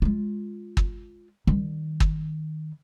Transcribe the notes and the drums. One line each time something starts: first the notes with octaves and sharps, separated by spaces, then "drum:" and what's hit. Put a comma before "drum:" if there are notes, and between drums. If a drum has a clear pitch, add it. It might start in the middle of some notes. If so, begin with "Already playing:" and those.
G#3 F4
drum: kick
D#3 G3
drum: kick